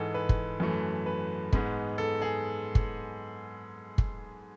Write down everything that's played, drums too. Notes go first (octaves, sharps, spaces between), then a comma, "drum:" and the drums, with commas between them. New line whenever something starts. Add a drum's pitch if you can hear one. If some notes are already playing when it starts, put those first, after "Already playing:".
Already playing: G#2 E3 G#3 A4
B4
drum: kick
F#2 E3 A3
B4
G#2 G#3 B3, drum: kick
A4
G#4
drum: kick
drum: kick